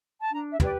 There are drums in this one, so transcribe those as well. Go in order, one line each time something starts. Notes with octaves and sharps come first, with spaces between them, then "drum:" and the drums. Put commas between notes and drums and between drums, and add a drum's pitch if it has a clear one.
A5
D4 A#5
E5
G4 B4 D5, drum: tom